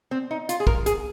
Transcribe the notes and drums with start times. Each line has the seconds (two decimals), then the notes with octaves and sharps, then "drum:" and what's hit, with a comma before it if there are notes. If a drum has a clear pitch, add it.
0.11 C4
0.31 D#4
0.49 F4, drum: hi-hat
0.60 G#4
0.67 A#4, drum: kick
0.86 G#4, drum: hi-hat